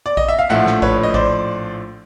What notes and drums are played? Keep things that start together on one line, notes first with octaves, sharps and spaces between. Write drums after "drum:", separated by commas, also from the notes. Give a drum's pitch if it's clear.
D5
D#5, drum: kick A1
E5
F5
A#1 A2 F3 A3 E5 F#5
drum: snare
B4 C#5, drum: kick A1
D#5
C5 D5, drum: kick A1